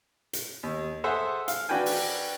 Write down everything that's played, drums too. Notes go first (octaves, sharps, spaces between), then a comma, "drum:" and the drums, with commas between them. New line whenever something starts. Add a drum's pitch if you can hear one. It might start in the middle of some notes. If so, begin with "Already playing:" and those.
drum: hi-hat
D#2
G#4 A4 C5 E5 F#5
F5, drum: hi-hat
D4 F#4 B4 G5 G#5
drum: open hi-hat